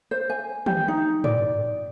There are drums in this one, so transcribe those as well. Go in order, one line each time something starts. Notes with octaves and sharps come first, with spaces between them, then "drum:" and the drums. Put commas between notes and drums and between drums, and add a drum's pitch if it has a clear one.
C5
G#5
G4, drum: tom
D#4
D5, drum: tom